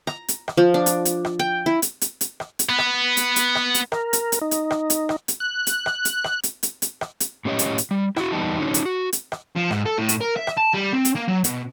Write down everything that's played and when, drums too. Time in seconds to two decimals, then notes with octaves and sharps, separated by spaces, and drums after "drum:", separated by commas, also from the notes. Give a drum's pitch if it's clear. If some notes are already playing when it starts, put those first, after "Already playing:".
0.07 A#5, drum: rim click
0.28 drum: hi-hat
0.48 drum: rim click
0.57 F3
0.74 D4
0.86 drum: hi-hat
1.05 drum: hi-hat
1.25 drum: rim click
1.39 G5
1.66 E4
1.82 drum: hi-hat
2.01 drum: hi-hat
2.21 drum: hi-hat
2.40 drum: rim click
2.59 drum: hi-hat
2.69 B3
2.78 drum: rim click
3.17 drum: hi-hat
3.36 drum: hi-hat
3.55 drum: rim click
3.74 drum: hi-hat
3.92 A#4, drum: rim click
4.13 drum: hi-hat
4.32 drum: hi-hat
4.41 D#4
4.51 drum: hi-hat
4.71 drum: rim click
4.90 drum: hi-hat
5.09 drum: rim click
5.28 drum: hi-hat
5.40 F#6
5.67 drum: hi-hat
5.86 drum: rim click
6.05 drum: hi-hat
6.24 drum: rim click
6.43 drum: hi-hat
6.63 drum: hi-hat
6.82 drum: hi-hat
7.01 drum: rim click
7.20 drum: hi-hat
7.45 A2 C#4 G4 C#5 D#5
7.59 drum: hi-hat
7.78 drum: hi-hat
7.91 G3
8.16 E4 F#4, drum: rim click
8.31 E2 G3 B3 D#4 G4 A5
8.59 D3 F#3 C#4 D#4
8.74 drum: hi-hat
8.85 F#4
9.13 drum: hi-hat
9.32 drum: rim click
9.56 F3
9.71 G#2, drum: rim click
9.86 A4
9.98 A2
10.09 drum: hi-hat
10.21 A#4
10.36 E5
10.47 drum: rim click
10.57 A5
10.74 G3
10.93 C4
11.05 drum: hi-hat
11.15 A#3
11.28 F#3
11.44 B2, drum: hi-hat